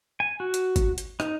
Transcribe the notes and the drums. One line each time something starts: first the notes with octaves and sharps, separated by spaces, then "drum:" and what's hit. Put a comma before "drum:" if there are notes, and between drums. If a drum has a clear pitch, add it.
G#5
F#4
drum: hi-hat
drum: kick, hi-hat
drum: hi-hat
D#4, drum: rim click